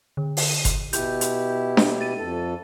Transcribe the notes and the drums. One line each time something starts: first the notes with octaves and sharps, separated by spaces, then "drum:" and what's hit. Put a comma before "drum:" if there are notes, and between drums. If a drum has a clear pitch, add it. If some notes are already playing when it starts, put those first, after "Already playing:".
D3
drum: open hi-hat
D#7
drum: kick F#1, hi-hat
B2 E4 G4 G6, drum: hi-hat
drum: hi-hat
drum: snare D4
A6 D#7
F2 A4